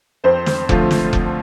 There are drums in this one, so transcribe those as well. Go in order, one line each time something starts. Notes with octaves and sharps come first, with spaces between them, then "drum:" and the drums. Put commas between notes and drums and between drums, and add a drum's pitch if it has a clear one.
F2 C4 C5
drum: snare
D3 F3 A3 F4, drum: kick F1
drum: snare
drum: kick F1